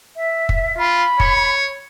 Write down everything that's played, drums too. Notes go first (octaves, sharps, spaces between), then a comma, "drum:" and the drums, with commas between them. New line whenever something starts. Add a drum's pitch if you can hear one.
E5
drum: kick
F4 B5
C#5, drum: kick